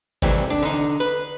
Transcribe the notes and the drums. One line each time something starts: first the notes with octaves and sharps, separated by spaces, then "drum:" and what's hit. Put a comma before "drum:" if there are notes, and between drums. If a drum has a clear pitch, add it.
C3 D#3 E3 G3 A3 C4, drum: kick G1
D4, drum: hi-hat
D3 D#4
B4, drum: hi-hat